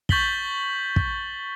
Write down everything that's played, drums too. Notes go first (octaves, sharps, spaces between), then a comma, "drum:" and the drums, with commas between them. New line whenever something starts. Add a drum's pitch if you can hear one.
C#6 G6 A6 B6 F#7 G7, drum: kick
drum: kick